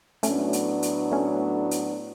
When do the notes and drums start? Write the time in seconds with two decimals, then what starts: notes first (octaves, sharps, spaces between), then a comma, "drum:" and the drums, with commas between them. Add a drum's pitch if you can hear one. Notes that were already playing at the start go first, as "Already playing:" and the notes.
0.23 A2 F#3 A3 B3 C#4 D4, drum: hi-hat
0.53 drum: hi-hat
0.83 drum: hi-hat
1.12 A3 C#4
1.71 drum: hi-hat